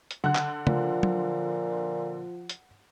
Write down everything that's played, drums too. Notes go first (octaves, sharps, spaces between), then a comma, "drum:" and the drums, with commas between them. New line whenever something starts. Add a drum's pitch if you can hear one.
drum: hi-hat
D3 F#5 F#6
drum: clap
A#2 F3, drum: tom C#3
drum: tom F#3
drum: hi-hat